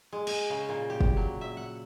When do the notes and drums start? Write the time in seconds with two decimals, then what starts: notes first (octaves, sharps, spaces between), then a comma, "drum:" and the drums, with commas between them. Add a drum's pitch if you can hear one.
0.12 G#3
0.27 G#5, drum: cymbal
0.50 C#3
0.69 A#2
0.90 G4
1.01 drum: kick
1.17 F#3
1.41 E5
1.57 F#5